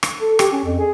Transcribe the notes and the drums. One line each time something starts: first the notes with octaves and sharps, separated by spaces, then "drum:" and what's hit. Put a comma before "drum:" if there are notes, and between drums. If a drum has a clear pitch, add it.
drum: rim click
A4
G4, drum: rim click
C#4
F2
G#4